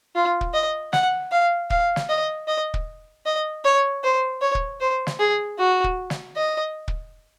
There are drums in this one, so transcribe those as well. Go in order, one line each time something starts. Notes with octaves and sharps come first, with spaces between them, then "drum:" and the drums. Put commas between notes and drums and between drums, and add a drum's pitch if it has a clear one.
F4
drum: kick
D#5
F#5, drum: snare
F5
F5, drum: kick
drum: snare
D#5
D#5
drum: kick
D#5
C#5
C5
C#5
drum: kick
C5
drum: snare
G#4
F#4
drum: kick
drum: snare
D#5
drum: kick